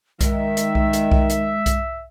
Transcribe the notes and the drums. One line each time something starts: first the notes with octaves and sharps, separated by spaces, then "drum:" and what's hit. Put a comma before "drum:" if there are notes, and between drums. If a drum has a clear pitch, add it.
D#3 G#3 E5, drum: kick B1, hi-hat
drum: hi-hat
drum: kick B1
drum: hi-hat
drum: kick B1
drum: hi-hat
drum: kick B1, hi-hat